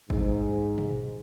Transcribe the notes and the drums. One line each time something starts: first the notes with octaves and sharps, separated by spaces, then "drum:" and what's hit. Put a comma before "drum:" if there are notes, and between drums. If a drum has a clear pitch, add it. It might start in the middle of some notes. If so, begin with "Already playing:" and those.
G#2, drum: kick G#1
drum: tom